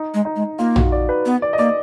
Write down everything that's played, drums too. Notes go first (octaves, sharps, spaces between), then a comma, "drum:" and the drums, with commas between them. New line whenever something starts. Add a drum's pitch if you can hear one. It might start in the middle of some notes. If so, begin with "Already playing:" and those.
Already playing: D#4
G#3
D#4
G#3
A#3 F4
F#4, drum: tom A#1
D5
B4
B3
D5
D#5
A#3 D5